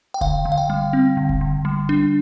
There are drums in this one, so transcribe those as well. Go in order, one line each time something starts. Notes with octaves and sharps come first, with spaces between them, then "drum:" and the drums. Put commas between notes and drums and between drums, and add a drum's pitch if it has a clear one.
G5
D3 F5, drum: kick E1
D3
F5
G5
G3
C4
D3
drum: kick E1
D3
G3
D4